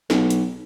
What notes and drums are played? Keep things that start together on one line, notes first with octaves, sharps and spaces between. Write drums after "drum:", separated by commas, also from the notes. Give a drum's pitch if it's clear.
B1, drum: snare
drum: hi-hat